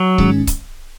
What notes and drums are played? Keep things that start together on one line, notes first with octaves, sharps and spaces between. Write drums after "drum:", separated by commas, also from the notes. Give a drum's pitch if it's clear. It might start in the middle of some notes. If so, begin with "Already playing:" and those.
Already playing: F#3
G#2 D#3 G#3 C#4, drum: kick C#1
drum: kick C#1, hi-hat